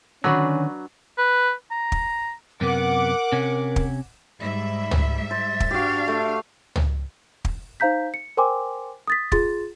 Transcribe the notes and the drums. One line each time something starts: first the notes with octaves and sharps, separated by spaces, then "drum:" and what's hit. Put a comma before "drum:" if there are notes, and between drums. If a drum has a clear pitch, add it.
D3 D#3 F#3 C#4 D4 F#4 B4
B4
A#5
drum: kick
F#2 C3 B3 A#4 F#5 D6
C3 C#4
drum: kick
G#2 G3 E5 B5
drum: tom
C5 A6
drum: kick
D4 F#4 G4 F5
A3
drum: tom
drum: kick
D#4 C5 F5 A#5 G6 B6
C#7
A#4 C5 G5 G#5 C6 D6
D#6 A6 B6
F4 G#4 C6 A6, drum: kick